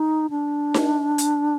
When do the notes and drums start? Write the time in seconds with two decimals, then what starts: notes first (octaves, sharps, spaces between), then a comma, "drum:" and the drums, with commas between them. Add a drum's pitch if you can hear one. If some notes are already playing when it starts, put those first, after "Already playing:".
Already playing: D#4
0.30 D4
0.74 drum: snare D#4
1.18 drum: hi-hat